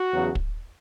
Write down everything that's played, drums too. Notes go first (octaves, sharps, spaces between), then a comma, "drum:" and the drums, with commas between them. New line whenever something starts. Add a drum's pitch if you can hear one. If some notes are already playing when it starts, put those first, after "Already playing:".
Already playing: F#4
E2 C#3 F#3 C#4
drum: kick